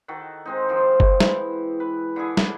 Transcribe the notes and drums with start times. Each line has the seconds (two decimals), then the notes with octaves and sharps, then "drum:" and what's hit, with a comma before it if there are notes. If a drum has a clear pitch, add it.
0.08 D#3 F#4 A4
0.45 G#3 C4 D#4
0.68 D#3 F3 F4 C5
1.00 drum: kick F#1
1.20 E3, drum: snare
1.80 B4
2.16 D3 E4 G#4
2.37 drum: snare